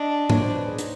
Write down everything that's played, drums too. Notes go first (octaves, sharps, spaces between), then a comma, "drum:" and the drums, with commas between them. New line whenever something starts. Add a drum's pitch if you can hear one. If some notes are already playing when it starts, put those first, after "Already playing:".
Already playing: D4 D#5
C#5, drum: tom G#2
C5
B4
G#4
D#4, drum: hi-hat